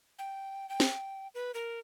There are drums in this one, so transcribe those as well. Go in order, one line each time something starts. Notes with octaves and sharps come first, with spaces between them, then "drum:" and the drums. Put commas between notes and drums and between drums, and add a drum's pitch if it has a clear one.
G5
G5
drum: snare
B4
A#4